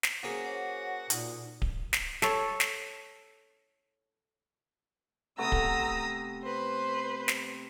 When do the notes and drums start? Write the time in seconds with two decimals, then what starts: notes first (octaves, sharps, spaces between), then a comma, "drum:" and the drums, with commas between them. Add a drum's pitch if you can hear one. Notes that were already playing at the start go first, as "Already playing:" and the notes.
0.03 drum: snare
0.23 A#3 C#4 F#4 G#4 C5
0.45 C5 C#5 F#5
1.10 A#2 D#4, drum: hi-hat
1.62 drum: kick D1
1.93 drum: snare
2.22 A4 C#5, drum: snare
2.60 drum: snare
5.38 C3 A3 B3 A#5 D#6 E6
5.52 drum: kick D1
6.43 B4 C5
7.28 drum: snare